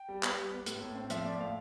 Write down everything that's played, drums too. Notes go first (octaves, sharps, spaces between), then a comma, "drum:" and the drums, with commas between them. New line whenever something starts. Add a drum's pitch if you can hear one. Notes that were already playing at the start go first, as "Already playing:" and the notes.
Already playing: G5
G3
B3, drum: clap
G3
B3
A2, drum: hi-hat
A2
C4
F3 E5, drum: hi-hat
A2 D5
A2 F5